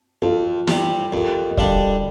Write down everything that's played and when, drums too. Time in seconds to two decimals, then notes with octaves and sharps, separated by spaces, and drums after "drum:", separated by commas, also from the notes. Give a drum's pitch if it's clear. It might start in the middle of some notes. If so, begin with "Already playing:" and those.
0.22 F2 F4 A4
0.67 C3 G3, drum: snare
1.12 F2 G4 A#4
1.51 D#5
1.57 D3 G3 D4 A4 D5 F5, drum: kick